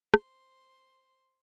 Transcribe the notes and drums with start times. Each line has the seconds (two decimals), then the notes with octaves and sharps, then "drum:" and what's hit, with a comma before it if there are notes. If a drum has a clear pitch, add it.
0.14 C5 C6, drum: rim click